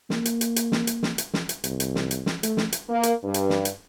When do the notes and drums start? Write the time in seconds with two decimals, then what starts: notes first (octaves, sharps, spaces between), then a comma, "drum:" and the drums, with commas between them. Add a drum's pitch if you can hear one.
0.10 A#3, drum: snare
0.25 drum: hi-hat
0.41 drum: hi-hat
0.56 drum: hi-hat
0.72 drum: snare
0.87 drum: hi-hat
1.03 drum: snare
1.18 drum: hi-hat
1.34 drum: snare
1.49 drum: hi-hat
1.64 C2, drum: hi-hat
1.80 drum: hi-hat
1.95 drum: snare
2.11 drum: hi-hat
2.26 drum: snare
2.43 A3, drum: hi-hat
2.57 drum: snare
2.72 drum: hi-hat
2.89 A#3
3.03 drum: hi-hat
3.24 G2
3.34 drum: hi-hat
3.50 drum: snare
3.65 drum: hi-hat